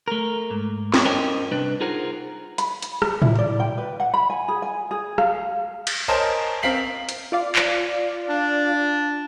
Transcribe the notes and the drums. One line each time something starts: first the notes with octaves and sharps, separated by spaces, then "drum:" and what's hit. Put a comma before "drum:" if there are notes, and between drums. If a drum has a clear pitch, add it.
A3 A#4
G#2
drum: snare
C#4 A#4 C5 D#5 G5 A5
C2 D4 B4
D#4 F4 G#4 A#4 C5 F#5
B5, drum: hi-hat
drum: hi-hat
drum: rim click
E4, drum: tom A2
D5
G5
B4
F#5
B5
G#5
G#4
G#5
G#4
F5, drum: rim click
drum: cymbal
A#4 C5 C#5 D#5 G#5 A5
C4 A#4 F5 B6 C7 F#7
drum: hi-hat
F4 D5 F5
drum: clap
D4